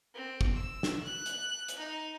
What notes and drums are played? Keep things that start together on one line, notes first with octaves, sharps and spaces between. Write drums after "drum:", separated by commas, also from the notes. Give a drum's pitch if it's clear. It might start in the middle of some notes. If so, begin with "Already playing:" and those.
C4
drum: kick
E6
drum: snare
F#6
drum: hi-hat
drum: hi-hat
D#4